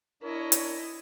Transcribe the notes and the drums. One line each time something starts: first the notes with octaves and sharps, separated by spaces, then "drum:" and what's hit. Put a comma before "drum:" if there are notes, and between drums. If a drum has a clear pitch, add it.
D4 E4 A#4 C#5 D#5
drum: hi-hat